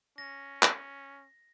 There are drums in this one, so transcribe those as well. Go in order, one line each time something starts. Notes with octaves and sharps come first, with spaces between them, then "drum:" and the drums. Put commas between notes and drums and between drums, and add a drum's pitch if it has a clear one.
C#4 A#6
drum: clap